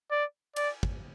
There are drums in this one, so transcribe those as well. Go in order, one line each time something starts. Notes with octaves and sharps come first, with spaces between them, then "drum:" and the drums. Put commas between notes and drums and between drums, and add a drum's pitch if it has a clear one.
D5
D5, drum: cymbal
drum: kick